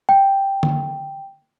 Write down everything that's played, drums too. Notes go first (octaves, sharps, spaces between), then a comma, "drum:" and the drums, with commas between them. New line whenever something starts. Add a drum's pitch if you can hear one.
G5
drum: tom D3